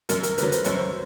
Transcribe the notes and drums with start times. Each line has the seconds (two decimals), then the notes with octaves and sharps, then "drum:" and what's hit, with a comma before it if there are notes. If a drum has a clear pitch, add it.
0.09 F#2 A#4, drum: hi-hat
0.23 A#4, drum: hi-hat
0.38 D3 F#3 B4, drum: hi-hat
0.52 C5, drum: hi-hat
0.64 F#2 C#5, drum: hi-hat
0.77 C5